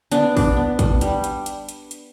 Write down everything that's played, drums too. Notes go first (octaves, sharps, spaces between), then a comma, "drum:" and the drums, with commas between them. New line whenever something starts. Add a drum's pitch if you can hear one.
B3 D4, drum: hi-hat
D4, drum: kick, open hi-hat
B3
drum: kick, hi-hat
G3, drum: hi-hat
drum: hi-hat
drum: hi-hat
drum: hi-hat
drum: hi-hat